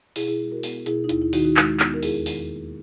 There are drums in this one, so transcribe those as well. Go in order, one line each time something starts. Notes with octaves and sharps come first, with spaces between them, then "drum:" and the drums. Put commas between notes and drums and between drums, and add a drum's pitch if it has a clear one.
B2 E4 G#4, drum: open hi-hat
E4 G#4
G#3
F#4 A#4
B3, drum: open hi-hat
B2 E4 G#4, drum: hi-hat
D#4
D#2 E4, drum: hi-hat
E4
D#3 D#4 F#4, drum: open hi-hat
D#4 F#4
G#3, drum: clap
B3, drum: clap
A#4
E2 E4 G#4, drum: open hi-hat
D#3, drum: open hi-hat
A#3